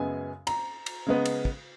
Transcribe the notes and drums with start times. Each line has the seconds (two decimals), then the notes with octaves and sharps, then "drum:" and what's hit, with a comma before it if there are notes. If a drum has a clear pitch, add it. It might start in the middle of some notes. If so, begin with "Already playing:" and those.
Already playing: F#2 C#3 G#3 B3 G#5
0.47 A#5, drum: cymbal
0.86 drum: cymbal
1.06 C#3 G#3 B3
1.25 drum: cymbal
1.45 drum: kick